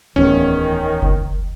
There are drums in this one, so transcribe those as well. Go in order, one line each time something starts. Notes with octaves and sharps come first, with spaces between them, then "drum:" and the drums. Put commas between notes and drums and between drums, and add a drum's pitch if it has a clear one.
D1 E2 D#3 C#4
drum: kick F#1